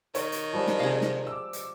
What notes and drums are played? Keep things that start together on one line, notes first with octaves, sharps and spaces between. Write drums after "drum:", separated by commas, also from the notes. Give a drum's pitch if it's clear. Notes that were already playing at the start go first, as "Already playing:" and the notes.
D#3 C#5, drum: hi-hat
drum: hi-hat
F3 G3 G#3
drum: snare
C3 G#4 F5
drum: snare
D6 E6
drum: hi-hat